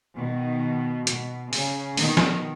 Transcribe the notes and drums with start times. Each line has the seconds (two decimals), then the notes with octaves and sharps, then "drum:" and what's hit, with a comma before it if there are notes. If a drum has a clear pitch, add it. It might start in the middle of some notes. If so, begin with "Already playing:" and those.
0.17 B2 D#3
1.07 B2, drum: hi-hat
1.53 C#3, drum: open hi-hat
1.97 B2 D#3, drum: open hi-hat
2.17 drum: snare